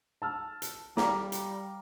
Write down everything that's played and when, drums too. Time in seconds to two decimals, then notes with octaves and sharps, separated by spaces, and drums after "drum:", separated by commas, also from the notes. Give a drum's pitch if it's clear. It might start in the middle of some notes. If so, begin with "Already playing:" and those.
0.22 A5 E6 F6
0.62 drum: hi-hat
0.97 G3 F5 A#5 D6, drum: snare
1.32 drum: hi-hat